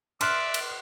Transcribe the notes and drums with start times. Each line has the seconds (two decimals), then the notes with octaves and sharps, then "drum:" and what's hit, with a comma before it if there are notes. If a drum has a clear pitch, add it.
0.21 D5 E5 C6 F6 F#6, drum: cymbal
0.54 drum: cymbal